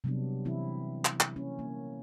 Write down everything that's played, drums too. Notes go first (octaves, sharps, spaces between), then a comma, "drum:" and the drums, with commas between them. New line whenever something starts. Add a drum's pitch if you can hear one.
C3 F#3 G3 B3 D4
E3 C4 E4
drum: clap
drum: clap
A#3 C#4
A#3